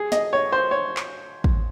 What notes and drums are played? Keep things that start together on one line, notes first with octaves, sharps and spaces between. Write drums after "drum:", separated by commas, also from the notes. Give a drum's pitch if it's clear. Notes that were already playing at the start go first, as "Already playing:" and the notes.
Already playing: G#4
D#5, drum: snare
C#5
C5
C#5
drum: clap
drum: kick